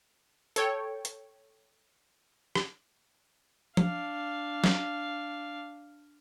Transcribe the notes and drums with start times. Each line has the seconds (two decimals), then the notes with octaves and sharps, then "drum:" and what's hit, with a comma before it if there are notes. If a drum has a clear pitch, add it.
0.56 A4 C#5 G5, drum: hi-hat
1.05 drum: hi-hat
2.55 drum: rim click
3.77 D4 F5, drum: tom F3
4.64 drum: snare